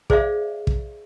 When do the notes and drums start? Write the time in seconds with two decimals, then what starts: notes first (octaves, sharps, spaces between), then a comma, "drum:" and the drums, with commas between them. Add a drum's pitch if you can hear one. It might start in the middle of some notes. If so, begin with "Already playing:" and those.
0.10 G#4 C5 D5 E5 F5, drum: kick
0.67 drum: kick